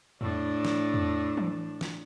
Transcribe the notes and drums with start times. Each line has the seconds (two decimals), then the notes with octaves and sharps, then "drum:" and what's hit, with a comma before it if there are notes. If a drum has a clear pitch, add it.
0.21 A2 D4, drum: tom E2
0.65 drum: snare
0.94 drum: tom E2
1.37 drum: tom E3
1.81 drum: snare